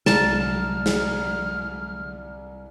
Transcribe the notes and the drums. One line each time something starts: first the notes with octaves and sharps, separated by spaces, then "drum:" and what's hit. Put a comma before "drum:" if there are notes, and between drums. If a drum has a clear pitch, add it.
C2 D3 F#3 G#3 A5 A#5 F6 E7, drum: snare
drum: snare